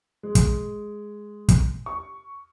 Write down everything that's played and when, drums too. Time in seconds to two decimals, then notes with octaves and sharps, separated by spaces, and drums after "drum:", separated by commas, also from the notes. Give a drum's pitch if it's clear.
0.23 G#3
0.35 drum: kick, hi-hat
1.49 drum: kick, hi-hat
1.86 C#6